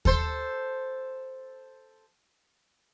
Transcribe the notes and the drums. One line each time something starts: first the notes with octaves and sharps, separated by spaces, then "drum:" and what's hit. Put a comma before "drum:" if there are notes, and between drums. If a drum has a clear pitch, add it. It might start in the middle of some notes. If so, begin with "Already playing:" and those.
A4 C5, drum: kick D#2